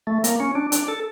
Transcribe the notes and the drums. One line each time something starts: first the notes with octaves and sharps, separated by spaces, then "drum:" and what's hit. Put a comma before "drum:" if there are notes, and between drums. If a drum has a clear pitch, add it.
A3
A#3, drum: hi-hat
C#4
D4
D4, drum: hi-hat
A4